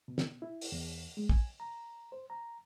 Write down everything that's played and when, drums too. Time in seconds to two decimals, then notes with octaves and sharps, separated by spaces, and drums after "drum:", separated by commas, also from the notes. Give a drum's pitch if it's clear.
0.08 B2
0.18 drum: snare
0.42 E4
0.61 drum: open hi-hat
0.72 E2
1.17 G#3
1.29 G#5, drum: kick
1.60 A#5
2.12 C5
2.30 A#5